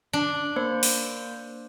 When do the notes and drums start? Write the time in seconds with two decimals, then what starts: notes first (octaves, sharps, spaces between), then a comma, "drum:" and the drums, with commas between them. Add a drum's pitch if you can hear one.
0.13 D4
0.56 A#3 C5
0.83 drum: open hi-hat